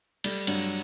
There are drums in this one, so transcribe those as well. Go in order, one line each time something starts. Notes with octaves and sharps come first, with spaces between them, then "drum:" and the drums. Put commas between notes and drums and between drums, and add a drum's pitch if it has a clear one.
G3 A3, drum: cymbal
G2 F#3, drum: cymbal